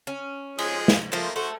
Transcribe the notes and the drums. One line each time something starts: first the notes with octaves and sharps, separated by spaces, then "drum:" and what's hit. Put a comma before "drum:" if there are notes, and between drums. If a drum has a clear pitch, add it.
C#4
F3 G#3 G#4, drum: cymbal
drum: snare
F3 A3 A#3 C5
A3 F#4 C5